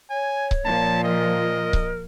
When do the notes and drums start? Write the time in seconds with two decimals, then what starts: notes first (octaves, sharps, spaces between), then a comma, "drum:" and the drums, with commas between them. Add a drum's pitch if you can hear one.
0.10 C#5 G#5
0.51 drum: kick C#1
0.65 A#2 F3 A5
1.04 A#4 D#5
1.73 drum: kick C#1